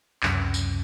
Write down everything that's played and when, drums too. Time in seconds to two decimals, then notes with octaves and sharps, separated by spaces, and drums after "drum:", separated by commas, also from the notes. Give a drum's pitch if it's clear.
0.23 C#2 F#2 C3, drum: clap
0.54 drum: tambourine